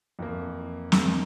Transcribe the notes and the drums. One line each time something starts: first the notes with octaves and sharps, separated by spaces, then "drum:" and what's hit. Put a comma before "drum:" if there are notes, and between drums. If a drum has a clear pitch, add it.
F2 E3 A#3
F2 E3 A#3, drum: snare